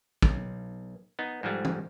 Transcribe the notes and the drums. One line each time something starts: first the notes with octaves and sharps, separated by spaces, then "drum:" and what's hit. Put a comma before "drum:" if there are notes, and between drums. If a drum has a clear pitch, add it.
B1, drum: kick
B3 D#4
G#2 F3 G3 A3
drum: tom